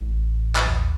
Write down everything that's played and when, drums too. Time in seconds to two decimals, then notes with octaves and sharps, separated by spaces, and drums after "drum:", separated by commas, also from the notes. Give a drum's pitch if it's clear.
0.01 A1
0.56 drum: clap
0.66 D#2